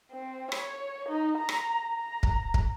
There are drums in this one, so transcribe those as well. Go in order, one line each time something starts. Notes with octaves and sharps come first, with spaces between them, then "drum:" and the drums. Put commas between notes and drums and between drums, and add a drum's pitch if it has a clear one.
C4
C#5, drum: rim click
D#4
A#5
drum: rim click
A#5
drum: kick
drum: kick